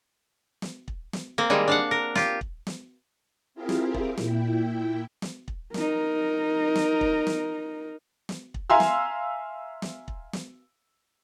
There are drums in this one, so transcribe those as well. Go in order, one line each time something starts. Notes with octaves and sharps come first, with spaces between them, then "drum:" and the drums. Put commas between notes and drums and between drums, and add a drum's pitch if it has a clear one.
drum: snare
drum: kick
drum: snare
A#3 C4
D#3 G3 G#3
D4 F5 F#5
A#4
F4 G4, drum: snare
drum: kick
drum: snare
C4 E4 F4 G4 G#4 A#4
drum: snare
drum: kick
A#2 E4 G5, drum: snare
drum: snare
drum: kick
D#4 A#4, drum: snare
drum: snare
drum: kick
drum: snare
drum: snare
drum: kick
E5 F5 G#5 A#5 C6 E6
drum: snare
drum: snare
drum: kick
drum: snare